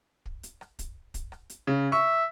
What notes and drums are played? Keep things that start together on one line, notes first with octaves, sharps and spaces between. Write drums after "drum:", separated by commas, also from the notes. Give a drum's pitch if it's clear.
drum: kick
drum: hi-hat
drum: rim click
drum: kick, hi-hat
drum: kick, hi-hat
drum: rim click
drum: hi-hat
C#3
E5 C#6